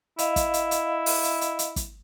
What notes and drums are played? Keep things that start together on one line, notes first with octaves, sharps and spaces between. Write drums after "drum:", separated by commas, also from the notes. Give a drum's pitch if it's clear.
E4 D#5 F5, drum: hi-hat
drum: kick, hi-hat
drum: hi-hat
drum: hi-hat
drum: open hi-hat
drum: hi-hat
drum: hi-hat
drum: hi-hat
drum: kick, hi-hat